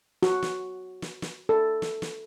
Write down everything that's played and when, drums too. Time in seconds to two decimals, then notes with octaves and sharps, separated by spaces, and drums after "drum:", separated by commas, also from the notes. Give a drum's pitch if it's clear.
0.23 F#4, drum: snare
0.42 drum: snare
1.02 drum: snare
1.22 drum: snare
1.49 A4
1.82 drum: snare
2.02 drum: snare